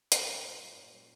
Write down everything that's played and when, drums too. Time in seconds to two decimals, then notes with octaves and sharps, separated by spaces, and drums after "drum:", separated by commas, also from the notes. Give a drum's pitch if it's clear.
0.12 A#2 C4 C5, drum: hi-hat
0.29 F#3
0.44 A#2
0.61 F#3
0.76 A#2 C#4 C#5
0.92 F#3